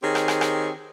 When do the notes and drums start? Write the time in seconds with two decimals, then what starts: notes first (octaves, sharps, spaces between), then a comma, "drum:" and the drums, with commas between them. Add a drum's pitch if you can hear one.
0.02 D#3 C4 G4 G#4 C#5
0.15 drum: rim click
0.28 drum: rim click
0.41 drum: rim click